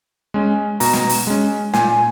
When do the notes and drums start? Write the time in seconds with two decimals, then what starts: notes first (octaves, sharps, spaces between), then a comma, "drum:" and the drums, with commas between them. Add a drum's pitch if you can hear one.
0.34 G#3 C#4
0.80 B2 A#5, drum: open hi-hat
0.93 drum: snare
1.09 drum: open hi-hat
1.27 G#3 C#4
1.74 A#2 G#5, drum: snare